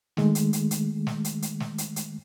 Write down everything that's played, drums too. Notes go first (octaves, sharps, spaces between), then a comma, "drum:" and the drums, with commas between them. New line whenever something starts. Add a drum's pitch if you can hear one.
D#3 G#3 A3, drum: snare
drum: hi-hat
drum: hi-hat
drum: hi-hat
drum: snare
drum: hi-hat
drum: hi-hat
drum: snare
drum: hi-hat
drum: hi-hat